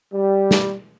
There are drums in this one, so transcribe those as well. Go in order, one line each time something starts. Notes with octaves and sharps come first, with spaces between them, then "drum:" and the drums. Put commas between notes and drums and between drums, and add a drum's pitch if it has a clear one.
G3
drum: snare